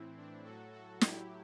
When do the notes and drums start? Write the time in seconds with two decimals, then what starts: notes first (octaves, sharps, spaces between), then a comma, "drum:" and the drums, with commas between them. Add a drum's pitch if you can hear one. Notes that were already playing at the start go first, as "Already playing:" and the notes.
Already playing: A2 E3 C4 E4
0.17 D4
0.44 A2 F#3 F#4 A4
0.73 F#4 A4
1.01 A2 F#3 E4 G4, drum: snare